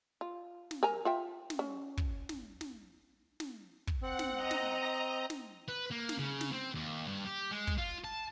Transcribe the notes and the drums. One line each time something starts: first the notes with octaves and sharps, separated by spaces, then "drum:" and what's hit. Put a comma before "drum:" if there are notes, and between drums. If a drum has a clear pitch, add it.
F4
drum: snare
A#4 G#5 A#5
F4 E5 G5
drum: snare
C#4
drum: kick
drum: snare
drum: snare
drum: snare
drum: kick
C4 F#5
drum: snare
D#5 A#5
drum: snare
drum: snare
B4
A#3
drum: snare
C#3
drum: snare
C4
D#2
G2
G4
G#3
drum: kick
F4
A5